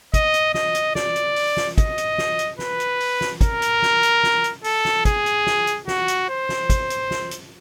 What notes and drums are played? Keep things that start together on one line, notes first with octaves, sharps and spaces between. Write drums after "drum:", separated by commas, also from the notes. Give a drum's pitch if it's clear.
D#5, drum: kick, hi-hat
drum: hi-hat
D#5, drum: snare
drum: hi-hat
D5, drum: snare
drum: hi-hat
drum: open hi-hat
drum: snare
D#5, drum: kick, hi-hat
drum: hi-hat
drum: snare
drum: hi-hat
B4, drum: snare
drum: hi-hat
drum: open hi-hat
drum: snare
A#4, drum: kick, hi-hat
drum: hi-hat
drum: snare
drum: hi-hat
drum: snare
drum: hi-hat
A4, drum: open hi-hat
drum: snare
G#4, drum: kick, hi-hat
drum: hi-hat
drum: snare
drum: hi-hat
F#4, drum: snare
drum: hi-hat
C5
drum: snare
drum: kick, hi-hat
drum: hi-hat
drum: snare
drum: hi-hat